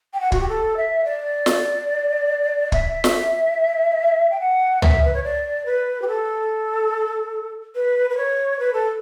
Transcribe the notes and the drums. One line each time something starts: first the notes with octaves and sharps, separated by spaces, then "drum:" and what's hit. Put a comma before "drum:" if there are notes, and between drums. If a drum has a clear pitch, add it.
G5
F#5
F#4, drum: kick
G4
A4
E5
D5
drum: snare
E5, drum: kick
drum: snare
G5
F#5
E5, drum: tom
B4
C#5
D5
B4
G4
A4
B4
B4
C#5
B4
A4